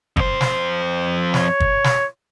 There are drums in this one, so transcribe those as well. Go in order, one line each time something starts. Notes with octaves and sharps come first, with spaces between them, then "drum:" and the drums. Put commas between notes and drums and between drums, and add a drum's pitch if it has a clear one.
F2 C5, drum: kick
drum: snare
C#5, drum: snare
drum: kick
drum: snare